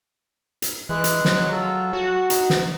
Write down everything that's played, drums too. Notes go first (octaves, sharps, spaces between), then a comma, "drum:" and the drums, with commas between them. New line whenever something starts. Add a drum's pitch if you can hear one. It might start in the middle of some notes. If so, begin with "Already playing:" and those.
drum: hi-hat
E3 G#3 F#6
drum: hi-hat
F#3, drum: snare
F4 A4
F#4 A5
D#4, drum: hi-hat
drum: snare